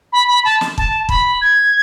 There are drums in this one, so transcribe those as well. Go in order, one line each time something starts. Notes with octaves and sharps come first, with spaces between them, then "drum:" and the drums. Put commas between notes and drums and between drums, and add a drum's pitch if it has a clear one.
B5
B5
A5
drum: snare
A5, drum: kick
B5, drum: kick
G#6